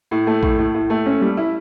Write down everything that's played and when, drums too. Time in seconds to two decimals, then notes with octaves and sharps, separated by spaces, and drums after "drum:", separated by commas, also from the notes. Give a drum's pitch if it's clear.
0.11 A2
0.27 A3
0.43 A2, drum: kick
0.59 A2
0.74 A2
0.90 A3
1.06 C#4
1.21 G3
1.37 E4